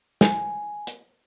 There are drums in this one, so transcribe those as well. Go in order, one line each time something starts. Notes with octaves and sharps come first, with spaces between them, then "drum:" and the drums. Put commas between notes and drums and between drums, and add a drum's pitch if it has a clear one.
G#5, drum: snare
drum: hi-hat